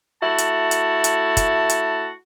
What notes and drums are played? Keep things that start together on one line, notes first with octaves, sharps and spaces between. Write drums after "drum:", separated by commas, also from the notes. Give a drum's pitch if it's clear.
A3 E4 F#4 A5
drum: hi-hat
drum: hi-hat
drum: hi-hat
drum: kick, hi-hat
drum: hi-hat